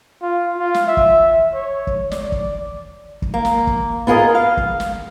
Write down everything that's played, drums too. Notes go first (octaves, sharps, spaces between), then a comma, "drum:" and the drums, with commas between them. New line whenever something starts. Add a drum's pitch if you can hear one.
F4
F4
drum: snare
E5
drum: kick
C#5
drum: kick
D5, drum: snare
drum: kick
drum: kick
A#3
drum: snare
drum: kick
B3 F4 G#4 A#4 D#5
F5
drum: kick
drum: snare